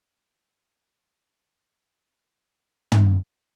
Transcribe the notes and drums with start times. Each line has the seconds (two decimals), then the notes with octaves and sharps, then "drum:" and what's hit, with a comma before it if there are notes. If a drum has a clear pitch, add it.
0.24 E3
2.13 C#4 E4 C5 A5
2.92 drum: tom